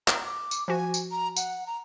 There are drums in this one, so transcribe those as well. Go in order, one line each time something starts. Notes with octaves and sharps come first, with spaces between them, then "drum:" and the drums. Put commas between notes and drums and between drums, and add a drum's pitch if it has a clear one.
A#5, drum: clap
D6
drum: tambourine
F3 F#4 G#5
drum: tambourine
A#5
F#5, drum: tambourine
A#5